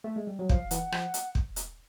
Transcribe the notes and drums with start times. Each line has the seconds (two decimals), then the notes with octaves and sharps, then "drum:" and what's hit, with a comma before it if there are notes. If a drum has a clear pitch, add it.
0.04 A3
0.16 G#3
0.27 G3
0.39 F#3
0.49 F3 F5, drum: kick
0.71 E3 F#5, drum: hi-hat
0.92 F3, drum: rim click
1.14 drum: hi-hat
1.35 drum: kick
1.56 drum: hi-hat